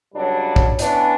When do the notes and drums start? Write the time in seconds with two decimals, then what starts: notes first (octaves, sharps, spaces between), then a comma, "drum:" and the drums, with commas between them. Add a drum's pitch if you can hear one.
0.15 C#2 F#3 G3 D4
0.56 drum: kick
0.79 E3 B3 C#4 D4, drum: hi-hat